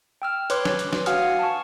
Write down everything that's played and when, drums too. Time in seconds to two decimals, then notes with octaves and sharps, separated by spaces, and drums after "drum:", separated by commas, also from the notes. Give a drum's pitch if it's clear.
0.22 G5 E6 F6
0.50 B4 C#5 C6 D6 F#6, drum: hi-hat
0.65 drum: snare
0.79 drum: hi-hat
0.93 drum: snare
1.06 F#4 F5 F#5 G#5 D#6 F6, drum: hi-hat
1.39 A5 C#6